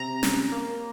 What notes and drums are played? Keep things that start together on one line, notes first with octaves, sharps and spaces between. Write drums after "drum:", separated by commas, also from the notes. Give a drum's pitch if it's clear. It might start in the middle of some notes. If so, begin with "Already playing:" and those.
Already playing: C3 A#5
C#4, drum: snare
A#3